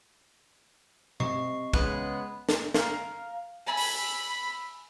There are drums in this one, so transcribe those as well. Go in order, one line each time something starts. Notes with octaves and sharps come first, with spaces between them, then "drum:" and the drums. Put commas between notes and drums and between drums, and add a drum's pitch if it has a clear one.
C3 D#5 C#6 C7, drum: tom B2
C#3 G#3 B3 F#6, drum: kick
drum: snare
A#4 F5, drum: snare
E5 G#5 A5 B5
drum: open hi-hat